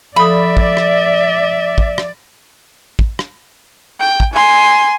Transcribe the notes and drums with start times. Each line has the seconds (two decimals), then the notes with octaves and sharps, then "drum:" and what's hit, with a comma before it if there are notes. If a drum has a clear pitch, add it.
0.16 F3 A4 D5 E5 B5 D#6
0.57 drum: kick
0.77 drum: rim click
1.78 drum: kick
1.98 drum: rim click
2.99 drum: kick
3.19 drum: rim click
4.00 G5
4.20 drum: kick
4.34 G#5 C6